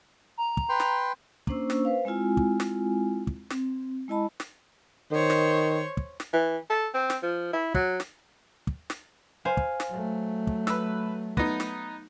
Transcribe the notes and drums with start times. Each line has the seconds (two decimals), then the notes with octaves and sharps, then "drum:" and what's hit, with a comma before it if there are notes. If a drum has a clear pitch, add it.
0.37 A#5
0.57 drum: kick
0.69 B4 G5 C6
0.80 drum: snare
1.47 A#3 C#4 D4 C5 C#6 E6, drum: kick
1.70 drum: snare
1.85 B4 C5 F5
2.05 G#3 C4 E4 F4 G#5
2.37 drum: kick
2.60 drum: snare
3.27 drum: kick
3.50 C4, drum: snare
4.08 G#3 E4 D#5 A5 B5
4.40 drum: snare
5.11 D#3 C5 C#5
5.30 drum: snare
5.97 drum: kick
6.20 drum: snare
6.33 E3
6.70 A4
6.94 C4
7.10 drum: snare
7.23 F3
7.53 E4
7.74 F#3, drum: kick
8.00 drum: snare
8.67 drum: kick
8.90 drum: snare
9.45 C5 F5 G#5
9.57 drum: kick
9.80 drum: snare
9.90 F#3 A3
10.47 drum: kick
10.67 B4 E6, drum: snare
11.37 B3 D#4 A#6, drum: kick
11.60 drum: snare